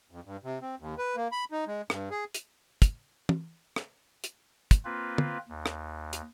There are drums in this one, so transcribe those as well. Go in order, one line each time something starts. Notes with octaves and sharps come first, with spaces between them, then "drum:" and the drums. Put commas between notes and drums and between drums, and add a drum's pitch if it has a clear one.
F2
G2
C3
C4
D#2
B4
A#3
B5
D#4
G#3
G2, drum: rim click
G#4
drum: hi-hat
drum: kick, hi-hat
drum: tom
drum: rim click
drum: hi-hat
drum: kick, hi-hat
A#3 C4 F4 B4
drum: tom
D#2
drum: rim click
drum: hi-hat